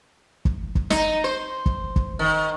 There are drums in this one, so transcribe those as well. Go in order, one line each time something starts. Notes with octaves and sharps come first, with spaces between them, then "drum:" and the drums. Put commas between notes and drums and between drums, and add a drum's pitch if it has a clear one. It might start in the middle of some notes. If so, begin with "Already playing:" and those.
drum: kick
drum: kick
D#4, drum: snare
C5
drum: kick
drum: kick
D#3